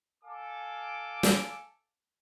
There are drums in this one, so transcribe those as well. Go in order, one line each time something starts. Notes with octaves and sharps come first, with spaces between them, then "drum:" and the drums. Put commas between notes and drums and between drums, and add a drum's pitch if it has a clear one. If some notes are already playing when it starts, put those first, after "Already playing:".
A4 F5 G#5 D6
drum: snare